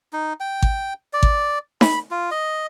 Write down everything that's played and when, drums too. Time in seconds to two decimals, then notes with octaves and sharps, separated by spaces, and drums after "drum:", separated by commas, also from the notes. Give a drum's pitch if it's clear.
0.13 D#4
0.40 G5
0.62 drum: kick G#1
1.13 D5
1.23 drum: kick G#1
1.81 B5, drum: snare D#4
2.11 F4
2.31 D#5